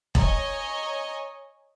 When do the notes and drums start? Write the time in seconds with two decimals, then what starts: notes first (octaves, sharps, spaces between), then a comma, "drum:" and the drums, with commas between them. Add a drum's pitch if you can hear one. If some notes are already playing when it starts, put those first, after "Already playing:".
0.15 C#5 D#5 G#5 A#5, drum: kick E1